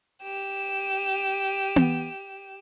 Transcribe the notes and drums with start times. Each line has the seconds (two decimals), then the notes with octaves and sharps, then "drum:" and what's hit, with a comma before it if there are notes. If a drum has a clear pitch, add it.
0.23 G4 E7
1.76 drum: tom B3